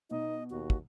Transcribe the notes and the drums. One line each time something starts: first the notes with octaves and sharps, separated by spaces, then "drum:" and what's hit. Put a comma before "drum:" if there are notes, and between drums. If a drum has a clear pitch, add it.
B2 D#4 D#5
D#2 F#4
drum: kick